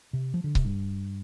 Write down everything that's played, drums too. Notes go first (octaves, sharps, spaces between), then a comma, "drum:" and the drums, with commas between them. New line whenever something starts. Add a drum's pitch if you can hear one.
C3
F3
D3
C3, drum: kick C#1
G2